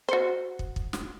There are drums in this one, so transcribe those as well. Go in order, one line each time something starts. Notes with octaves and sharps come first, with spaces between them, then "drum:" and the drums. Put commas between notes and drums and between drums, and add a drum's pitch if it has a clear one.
F#4 C5
drum: kick
drum: kick
drum: snare